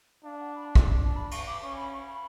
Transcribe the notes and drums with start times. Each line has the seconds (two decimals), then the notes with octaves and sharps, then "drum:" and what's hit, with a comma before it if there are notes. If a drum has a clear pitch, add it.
0.24 D4 F5
0.40 F#5
0.56 B5
0.66 A5
0.75 G#5, drum: kick
0.86 A5
1.09 A5
1.16 B5
1.31 C#6, drum: cymbal
1.47 D6
1.62 C#4 C#6
1.77 B5
1.93 C#6
2.08 B5